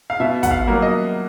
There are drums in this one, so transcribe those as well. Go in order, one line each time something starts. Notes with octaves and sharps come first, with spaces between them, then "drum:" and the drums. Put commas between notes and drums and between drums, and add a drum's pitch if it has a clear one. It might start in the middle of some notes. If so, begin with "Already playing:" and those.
F5
B2 E5
F#5, drum: kick, hi-hat
F5
F#3 A#3
D#5